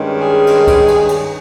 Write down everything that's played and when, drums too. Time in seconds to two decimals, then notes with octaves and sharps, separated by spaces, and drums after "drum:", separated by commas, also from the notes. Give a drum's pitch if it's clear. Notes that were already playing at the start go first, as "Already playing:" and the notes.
Already playing: G2 D#3 G#3 C#4
0.19 G#4
0.47 drum: cymbal
0.67 drum: kick C2, cymbal
0.88 drum: cymbal
1.09 drum: cymbal